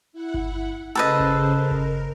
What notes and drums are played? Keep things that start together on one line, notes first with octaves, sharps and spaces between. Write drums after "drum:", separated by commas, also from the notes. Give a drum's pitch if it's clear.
E4 F#5
drum: kick G1
C#3 A4 B4 C5 D#5
drum: kick G1
A#4
drum: kick G1